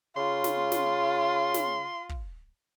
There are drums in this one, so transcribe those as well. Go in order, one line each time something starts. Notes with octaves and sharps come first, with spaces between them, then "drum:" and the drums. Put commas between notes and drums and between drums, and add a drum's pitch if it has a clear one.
C#3 F4 C6
drum: snare
drum: snare
drum: snare
drum: kick